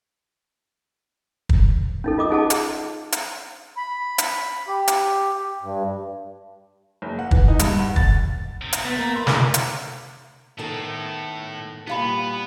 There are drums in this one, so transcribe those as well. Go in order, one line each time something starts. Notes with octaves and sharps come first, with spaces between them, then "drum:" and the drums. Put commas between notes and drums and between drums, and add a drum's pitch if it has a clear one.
drum: kick
C#4 D#4 A4
F4 D#5 D6 D#6
D#4 G#4 F#5 A5
drum: hi-hat
drum: hi-hat
B5
drum: hi-hat
G4
drum: hi-hat
G2
F#1
F#5
E3, drum: kick
D#4
G2, drum: hi-hat
F#5
A6, drum: kick
C3 D#3
drum: hi-hat
A3 B3
A#3 B3 A#5
B5 C6
C#2 A#2 A3 D#4 A#4 D6, drum: snare
drum: hi-hat
A2 D#3 B3 A4
A#2 G3 B3 E4 G4 F5 B5